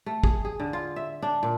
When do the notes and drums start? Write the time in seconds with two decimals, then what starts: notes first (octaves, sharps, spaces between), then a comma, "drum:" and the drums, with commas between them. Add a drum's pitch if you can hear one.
0.06 A3
0.24 G#4, drum: kick
0.45 G#4
0.60 D3
0.73 F4
0.96 E5
1.22 D4
1.43 A#2